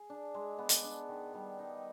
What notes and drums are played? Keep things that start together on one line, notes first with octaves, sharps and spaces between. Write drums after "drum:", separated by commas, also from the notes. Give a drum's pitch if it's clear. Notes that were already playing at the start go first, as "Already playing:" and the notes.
Already playing: G#4
D4
G#3
B3
drum: hi-hat
D4
D#3
G3
D#4